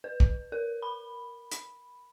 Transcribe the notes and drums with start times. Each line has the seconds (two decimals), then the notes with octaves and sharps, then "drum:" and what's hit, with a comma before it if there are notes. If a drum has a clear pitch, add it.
0.04 B4
0.20 drum: kick
0.52 A#4
0.82 B5
1.52 drum: hi-hat